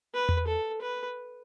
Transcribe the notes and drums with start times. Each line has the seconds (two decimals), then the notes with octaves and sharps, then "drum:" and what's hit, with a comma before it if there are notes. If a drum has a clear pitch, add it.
0.14 B4
0.29 drum: tom E2
0.47 A4
0.81 B4